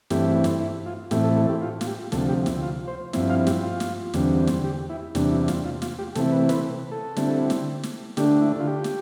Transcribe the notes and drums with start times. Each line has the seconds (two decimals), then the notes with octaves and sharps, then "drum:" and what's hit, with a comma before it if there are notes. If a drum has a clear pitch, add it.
0.10 G2 E3 A3 C4 E4 G4, drum: snare
0.44 drum: snare
0.60 E4
0.86 F4
1.11 A2 E3 A3 C4 E4 G4, drum: snare
1.24 A4
1.37 A4
1.49 G4
1.62 F4
1.81 F4, drum: snare
1.87 G4
2.12 D2 C3 F3 A4, drum: snare
2.29 G4
2.46 E4, drum: snare
2.62 F4
2.88 C5
3.13 G2 F3 C4 E4, drum: snare
3.30 F5
3.47 G4, drum: snare
3.63 F4
3.80 drum: snare
4.14 E2 D3 G3 C4, drum: snare
4.47 drum: snare
4.64 G4
4.89 E4
5.15 E2 C3 G3 D4, drum: snare
5.32 E4
5.48 F4, drum: snare
5.65 F4
5.82 F4, drum: snare
5.99 G4
6.15 C3 E3 A3 C4 E4 A4, drum: snare
6.32 B4
6.49 B4, drum: snare
6.91 A4
7.16 D3 G3 C4 E4, drum: snare
7.50 drum: snare
7.83 drum: snare
8.17 D3 A3 D4 G4, drum: snare
8.42 E4
8.60 F4
8.67 G4
8.84 drum: snare